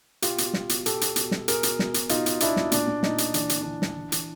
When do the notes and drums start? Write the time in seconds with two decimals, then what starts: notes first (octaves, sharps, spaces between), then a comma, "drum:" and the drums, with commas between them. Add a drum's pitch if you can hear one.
0.22 B2 F4 G4, drum: hi-hat
0.38 B2, drum: hi-hat
0.54 B2, drum: snare
0.69 B2, drum: hi-hat
0.86 B2 G4 A4, drum: hi-hat
1.01 B2, drum: hi-hat
1.16 B2, drum: hi-hat
1.31 B2, drum: snare
1.48 B2 G#4 A#4, drum: hi-hat
1.63 B2, drum: hi-hat
1.79 B2, drum: snare
1.94 B2, drum: hi-hat
2.09 B2 D#4 F4, drum: hi-hat
2.26 B2, drum: hi-hat
2.40 B2 D4 E4, drum: hi-hat
2.56 B2, drum: snare
2.72 A#2 D4, drum: hi-hat
2.87 A#2
3.03 A#2 D#4, drum: snare
3.18 A#2, drum: hi-hat
3.34 E3 D4, drum: hi-hat
3.49 E3, drum: hi-hat
3.62 E3 D4
3.82 E3, drum: snare
3.96 E3
4.12 E3, drum: hi-hat